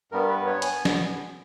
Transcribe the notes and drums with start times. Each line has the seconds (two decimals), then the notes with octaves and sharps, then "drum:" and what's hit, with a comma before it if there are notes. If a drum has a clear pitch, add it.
0.12 G2 G3 B3 A#4
0.29 B4
0.46 C#5
0.62 B3 G#5, drum: hi-hat
0.85 drum: snare